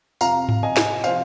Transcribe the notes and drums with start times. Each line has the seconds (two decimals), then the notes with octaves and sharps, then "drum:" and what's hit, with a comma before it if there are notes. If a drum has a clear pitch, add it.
0.21 F2 C3 F3 F5 A#5, drum: tambourine
0.49 drum: tom G#2
0.63 D#5 G#5
0.77 drum: snare
1.04 C3 F3 C5 F5, drum: tambourine